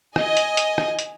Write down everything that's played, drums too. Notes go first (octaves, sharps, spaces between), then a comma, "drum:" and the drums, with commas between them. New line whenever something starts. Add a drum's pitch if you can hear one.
D#5 G#5, drum: rim click
drum: hi-hat
drum: hi-hat
drum: rim click
drum: hi-hat